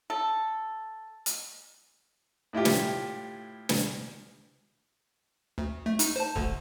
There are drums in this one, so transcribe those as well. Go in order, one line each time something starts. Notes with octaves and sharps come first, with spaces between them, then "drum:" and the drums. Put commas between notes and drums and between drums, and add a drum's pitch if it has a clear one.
A4
drum: hi-hat
A2 E4 F4 G4
drum: snare
drum: snare
D2
A3
D#4, drum: hi-hat
C5 A5
D2 D3, drum: kick